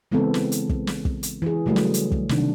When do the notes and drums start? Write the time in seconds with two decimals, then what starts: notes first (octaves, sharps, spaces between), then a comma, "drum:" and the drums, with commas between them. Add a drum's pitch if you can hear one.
0.11 C#3 E3 G#3 B3 C4 A4
0.34 drum: snare
0.52 drum: hi-hat
0.69 drum: kick
0.87 drum: snare
1.05 drum: kick
1.23 drum: hi-hat
1.42 E3 G#4
1.66 C#3 F#3 G3 A3
1.76 drum: snare
1.94 drum: hi-hat
2.12 drum: kick
2.29 C3 D#3 D4, drum: snare